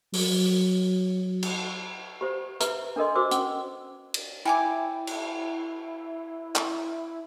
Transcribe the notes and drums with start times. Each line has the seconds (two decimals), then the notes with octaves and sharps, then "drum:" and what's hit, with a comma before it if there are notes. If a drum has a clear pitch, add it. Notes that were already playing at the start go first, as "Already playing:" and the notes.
0.13 F#3, drum: open hi-hat
1.43 drum: cymbal
2.21 G4 C5
2.60 G4 B4 E5 A#5, drum: hi-hat
2.96 D4 A4 A#4 D#5 C6
3.15 F#4 A#4 C5 D6 E6
3.31 C#4, drum: hi-hat
4.14 drum: cymbal
4.45 E4 G5 G#5 D6
5.07 drum: cymbal
6.56 drum: clap